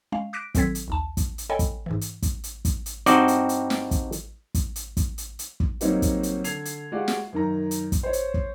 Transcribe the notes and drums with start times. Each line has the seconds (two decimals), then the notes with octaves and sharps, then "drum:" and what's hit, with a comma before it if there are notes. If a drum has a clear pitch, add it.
0.12 G#3 C#4 F5
0.33 D6 F#6 A#6 B6 D7
0.55 D#3 F#3 C4 A4 G#6 B6, drum: kick, hi-hat
0.75 drum: hi-hat
0.88 A#1 D#2 A5
1.17 drum: kick, hi-hat
1.38 drum: hi-hat
1.50 A4 C#5 D#5 G5 G#5 B5
1.59 drum: kick, hi-hat
1.86 G#2 E3
2.01 drum: hi-hat
2.22 drum: kick, hi-hat
2.44 drum: hi-hat
2.65 drum: kick, hi-hat
2.86 drum: hi-hat
3.06 G2 C4 D#4 F#4 D5 D#5, drum: hi-hat
3.28 drum: hi-hat
3.49 drum: hi-hat
3.70 drum: snare
3.91 drum: kick, hi-hat
4.12 drum: hi-hat
4.54 drum: kick, hi-hat
4.76 drum: hi-hat
4.97 drum: kick, hi-hat
5.18 drum: hi-hat
5.39 drum: hi-hat
5.60 drum: kick
5.81 F#3 G3 A#3 C4 D#4 C#5, drum: hi-hat
6.02 drum: kick, hi-hat
6.23 drum: hi-hat
6.44 D3 G#6 C7 F7, drum: hi-hat
6.65 drum: hi-hat
6.92 G#3 F#4 G4 D5 F5 F#5
7.08 drum: snare
7.32 F#2 D#3 A#5
7.71 drum: hi-hat
7.92 drum: kick, hi-hat
8.03 C5 C#5
8.13 drum: hi-hat
8.34 drum: kick